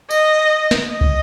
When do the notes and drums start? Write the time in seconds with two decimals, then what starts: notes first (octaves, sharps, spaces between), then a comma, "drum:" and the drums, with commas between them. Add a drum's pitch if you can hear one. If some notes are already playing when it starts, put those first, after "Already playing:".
0.11 D#5, drum: tambourine
0.71 drum: snare
0.92 D#5
1.01 drum: kick